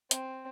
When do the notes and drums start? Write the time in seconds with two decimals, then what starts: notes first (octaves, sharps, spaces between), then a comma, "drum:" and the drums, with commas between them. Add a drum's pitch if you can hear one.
0.11 C4, drum: hi-hat